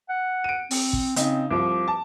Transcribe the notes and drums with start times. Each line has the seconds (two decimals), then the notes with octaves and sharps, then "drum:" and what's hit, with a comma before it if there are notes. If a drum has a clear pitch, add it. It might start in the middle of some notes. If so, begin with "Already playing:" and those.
0.09 F#5
0.44 D7 D#7
0.71 C4, drum: open hi-hat
0.93 drum: kick
1.16 C#3 C4 D#4, drum: hi-hat
1.51 C2 F3 D6
1.88 A5